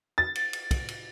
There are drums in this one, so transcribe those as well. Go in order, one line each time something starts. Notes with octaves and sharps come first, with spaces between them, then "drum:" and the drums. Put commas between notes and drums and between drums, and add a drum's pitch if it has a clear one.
A6
drum: cymbal
drum: cymbal
drum: kick, cymbal
drum: cymbal